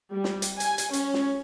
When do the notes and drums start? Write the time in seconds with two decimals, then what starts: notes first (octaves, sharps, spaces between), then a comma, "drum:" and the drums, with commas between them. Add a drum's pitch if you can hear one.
0.11 G3
0.24 drum: snare
0.42 drum: hi-hat
0.60 G#5, drum: hi-hat
0.78 drum: hi-hat
0.93 C#4, drum: hi-hat
1.14 drum: snare